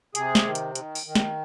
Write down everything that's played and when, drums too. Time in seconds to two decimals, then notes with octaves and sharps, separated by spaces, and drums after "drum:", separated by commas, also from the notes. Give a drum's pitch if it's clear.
0.15 C3 G#4, drum: hi-hat
0.35 drum: snare
0.45 D#3
0.55 drum: hi-hat
0.75 D#3, drum: hi-hat
0.95 drum: open hi-hat
1.06 D#3
1.15 drum: snare